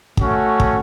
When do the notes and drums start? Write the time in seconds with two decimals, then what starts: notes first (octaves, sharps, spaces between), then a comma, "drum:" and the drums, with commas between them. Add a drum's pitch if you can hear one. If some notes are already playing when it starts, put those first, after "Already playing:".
0.17 A3 C#4 F#4, drum: kick
0.60 drum: kick